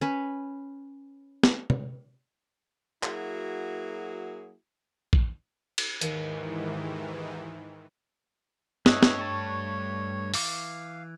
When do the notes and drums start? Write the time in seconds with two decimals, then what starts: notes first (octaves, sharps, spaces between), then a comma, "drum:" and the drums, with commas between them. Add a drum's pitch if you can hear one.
0.01 C#4 B4
1.43 drum: snare
1.70 drum: tom C3
3.03 F#3 A#3 E4 F#4 G#4, drum: clap
5.13 drum: kick A#1
5.78 drum: cymbal
6.01 D#2 G#2 D#3 E3, drum: hi-hat
8.86 G2 C#5 D#5 E5 D#6 E6 F#6, drum: snare
9.03 drum: snare
9.19 A3 A5 C#6
10.34 E3 F5 D6, drum: open hi-hat